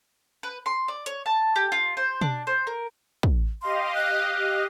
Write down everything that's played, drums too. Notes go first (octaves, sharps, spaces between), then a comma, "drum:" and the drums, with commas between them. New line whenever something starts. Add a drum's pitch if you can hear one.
B4
C6
D5
C#5, drum: hi-hat
A5
G4
F4
C5
D4, drum: tom B2
C5
A#4
drum: kick
G4 D#5 F5 C6
F#6